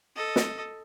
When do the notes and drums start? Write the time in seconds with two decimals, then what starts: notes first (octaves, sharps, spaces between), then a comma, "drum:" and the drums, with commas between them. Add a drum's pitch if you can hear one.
0.15 A4 D#5
0.36 drum: snare